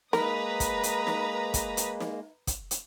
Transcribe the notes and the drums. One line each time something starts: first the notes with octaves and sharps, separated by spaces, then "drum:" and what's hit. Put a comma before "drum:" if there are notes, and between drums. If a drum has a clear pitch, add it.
G#3 A#3 A#4 B4 A#5 D#6, drum: snare
drum: kick, hi-hat
drum: hi-hat
drum: snare
drum: kick, hi-hat
drum: hi-hat
drum: snare
drum: kick, hi-hat
drum: hi-hat